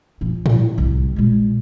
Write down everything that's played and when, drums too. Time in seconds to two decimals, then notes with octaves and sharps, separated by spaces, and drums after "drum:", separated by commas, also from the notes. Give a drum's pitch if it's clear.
0.21 A#2 F3
0.46 drum: tom A2
0.78 C2 E4
1.16 A#2 G#3